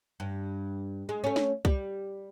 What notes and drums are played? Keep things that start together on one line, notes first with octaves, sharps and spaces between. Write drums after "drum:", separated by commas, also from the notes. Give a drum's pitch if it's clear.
G2
G#3
A3 C#4
drum: snare
G3, drum: kick C2